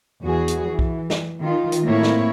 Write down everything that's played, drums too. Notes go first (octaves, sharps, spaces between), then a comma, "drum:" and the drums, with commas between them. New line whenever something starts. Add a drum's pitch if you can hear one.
E2 F#4 G#4
drum: hi-hat
E3
drum: kick B1
drum: snare
D#3 F4
drum: hi-hat
A2 A#3 C4 E4 C#5
drum: snare